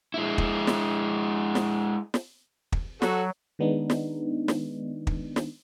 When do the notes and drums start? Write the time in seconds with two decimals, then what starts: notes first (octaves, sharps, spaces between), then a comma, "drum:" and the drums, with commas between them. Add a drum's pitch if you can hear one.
0.14 G#3 E4
0.38 drum: kick
0.67 drum: snare
1.55 drum: snare
2.14 drum: snare
2.72 drum: kick
3.02 F#3 F#4 A4, drum: snare
3.59 D#3 G#3 B3 D4 D#4
3.90 drum: snare
4.48 drum: snare
5.07 drum: kick
5.36 drum: snare